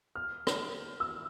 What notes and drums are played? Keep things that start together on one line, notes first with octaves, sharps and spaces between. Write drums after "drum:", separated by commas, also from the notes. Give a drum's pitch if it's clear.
F6
drum: rim click
E6